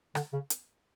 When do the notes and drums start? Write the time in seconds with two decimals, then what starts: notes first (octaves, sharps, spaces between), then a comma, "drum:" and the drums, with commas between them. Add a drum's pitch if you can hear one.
0.15 D3, drum: rim click
0.33 C#3
0.50 drum: hi-hat